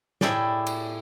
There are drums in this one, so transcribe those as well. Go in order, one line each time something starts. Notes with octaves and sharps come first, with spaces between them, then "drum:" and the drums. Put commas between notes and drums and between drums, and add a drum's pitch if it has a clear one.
A2 E4 G4 G#4 D5, drum: snare
drum: cymbal